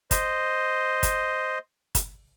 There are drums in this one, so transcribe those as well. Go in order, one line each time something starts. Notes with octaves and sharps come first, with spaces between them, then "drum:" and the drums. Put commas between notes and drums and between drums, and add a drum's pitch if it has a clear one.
C5 D#5, drum: kick, hi-hat
drum: kick, hi-hat
drum: kick, hi-hat